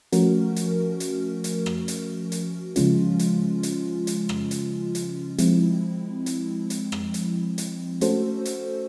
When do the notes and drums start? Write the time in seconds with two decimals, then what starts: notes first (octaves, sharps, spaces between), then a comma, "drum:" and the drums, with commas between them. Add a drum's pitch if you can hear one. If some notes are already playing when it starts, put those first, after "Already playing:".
0.12 F3 A3 C#4 F#4 A#4, drum: hi-hat
0.56 drum: hi-hat
1.00 drum: hi-hat
1.44 drum: hi-hat
1.66 drum: rim click
1.88 drum: hi-hat
2.32 drum: hi-hat
2.76 C#3 F3 G#3 C#4 F4, drum: hi-hat
3.19 drum: hi-hat
3.63 drum: hi-hat
4.07 drum: hi-hat
4.29 drum: rim click
4.51 drum: hi-hat
4.95 drum: hi-hat
5.38 F3 G#3 C4 E4, drum: hi-hat
6.26 drum: hi-hat
6.70 drum: hi-hat
6.92 drum: rim click
7.14 drum: hi-hat
7.58 drum: hi-hat
8.01 A3 C#4 F#4 A4 C5, drum: hi-hat
8.45 drum: hi-hat